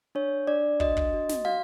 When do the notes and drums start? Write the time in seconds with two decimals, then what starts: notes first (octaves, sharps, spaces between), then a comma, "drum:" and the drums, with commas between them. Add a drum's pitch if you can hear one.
0.15 D4 C#5
0.47 D4 D5
0.80 F#4 D#5, drum: kick
0.97 drum: kick
1.13 F#4
1.29 drum: snare
1.45 F#4 F5